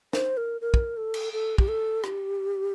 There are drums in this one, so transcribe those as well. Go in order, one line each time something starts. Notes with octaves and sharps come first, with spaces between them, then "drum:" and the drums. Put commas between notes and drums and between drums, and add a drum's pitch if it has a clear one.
C5, drum: snare
A#4
A#4
drum: kick
A4
drum: cymbal
A4
G4, drum: kick
A4
G4, drum: rim click